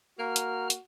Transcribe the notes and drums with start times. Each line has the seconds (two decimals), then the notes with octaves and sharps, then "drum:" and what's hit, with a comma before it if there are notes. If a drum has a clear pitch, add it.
0.19 A#3 F#4 A#5 F6
0.36 drum: hi-hat
0.70 drum: hi-hat